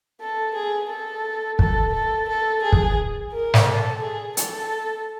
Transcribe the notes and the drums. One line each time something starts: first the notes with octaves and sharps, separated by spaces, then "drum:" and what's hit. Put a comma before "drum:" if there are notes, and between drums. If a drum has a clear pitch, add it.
A4
G#4
A4
A4, drum: kick
A4
A4
G#4
drum: kick
A#4
drum: snare
A4
G#4
A4, drum: hi-hat